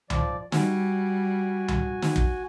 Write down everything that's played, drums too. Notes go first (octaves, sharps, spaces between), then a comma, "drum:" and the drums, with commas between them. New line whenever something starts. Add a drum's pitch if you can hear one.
F3 D5, drum: tom C#2
G3 F#4 G#5, drum: snare
drum: tom C#2
drum: snare
drum: kick